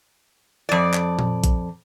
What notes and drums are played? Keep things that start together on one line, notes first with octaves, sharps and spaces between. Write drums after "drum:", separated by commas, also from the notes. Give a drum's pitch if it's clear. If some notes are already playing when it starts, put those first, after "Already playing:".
F2 D5
drum: clap
drum: tom A#2
drum: kick A#1, hi-hat